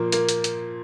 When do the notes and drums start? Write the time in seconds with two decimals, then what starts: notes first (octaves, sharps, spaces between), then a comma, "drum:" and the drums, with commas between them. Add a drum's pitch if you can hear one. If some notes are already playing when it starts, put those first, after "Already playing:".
Already playing: A#2 F3 A#3
0.12 A#3, drum: hi-hat
0.29 drum: hi-hat
0.44 drum: hi-hat